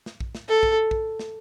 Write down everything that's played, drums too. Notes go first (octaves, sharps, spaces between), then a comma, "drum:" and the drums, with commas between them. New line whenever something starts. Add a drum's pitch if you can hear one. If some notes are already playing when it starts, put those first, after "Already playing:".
drum: snare
drum: kick A#1
drum: snare
A4
drum: kick A#1
drum: kick A#1
drum: snare